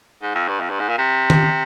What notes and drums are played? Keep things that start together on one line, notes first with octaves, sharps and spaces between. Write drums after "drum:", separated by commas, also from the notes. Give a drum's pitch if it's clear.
G#2
F2
G2
F2
G2
G#2
A#2
C3
drum: tom D#3